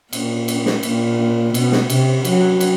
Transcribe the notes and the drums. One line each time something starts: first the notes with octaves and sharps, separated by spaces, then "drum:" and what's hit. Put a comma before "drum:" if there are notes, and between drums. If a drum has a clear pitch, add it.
A#2, drum: cymbal
drum: cymbal
drum: snare
A#2, drum: cymbal
B2, drum: cymbal
drum: snare
C3, drum: cymbal
F#3, drum: cymbal
drum: cymbal